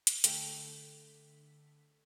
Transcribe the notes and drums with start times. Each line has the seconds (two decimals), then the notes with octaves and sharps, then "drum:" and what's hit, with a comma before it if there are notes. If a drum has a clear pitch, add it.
0.07 drum: hi-hat
0.24 D3 A3 G5 B6, drum: hi-hat